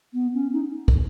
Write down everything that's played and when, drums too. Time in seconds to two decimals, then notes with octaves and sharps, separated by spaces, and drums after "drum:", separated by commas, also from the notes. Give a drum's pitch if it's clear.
0.14 B3
0.34 C#4
0.53 D#4
0.88 drum: kick